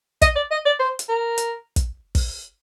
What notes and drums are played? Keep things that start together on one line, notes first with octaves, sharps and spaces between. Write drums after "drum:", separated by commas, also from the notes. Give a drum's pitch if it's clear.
D#5, drum: kick, hi-hat
D5
D#5
D5
C5
drum: hi-hat
A#4
drum: hi-hat
drum: kick, hi-hat
drum: kick, open hi-hat